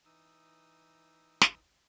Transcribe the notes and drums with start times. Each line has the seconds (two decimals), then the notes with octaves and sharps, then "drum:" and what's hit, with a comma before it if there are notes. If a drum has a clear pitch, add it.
0.05 E3 D#4 D#6 E6
1.41 drum: snare